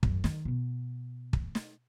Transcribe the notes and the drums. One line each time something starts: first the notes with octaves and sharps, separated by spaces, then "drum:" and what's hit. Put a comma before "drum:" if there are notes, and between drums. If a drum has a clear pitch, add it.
F#2, drum: kick
D#3, drum: snare
B2
drum: kick
drum: snare